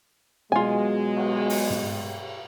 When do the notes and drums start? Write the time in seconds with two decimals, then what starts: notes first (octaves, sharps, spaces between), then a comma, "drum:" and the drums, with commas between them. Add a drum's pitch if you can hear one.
0.52 B2 F#3 G#3 F4 G#5
1.17 drum: cymbal
1.50 drum: open hi-hat
1.70 drum: tom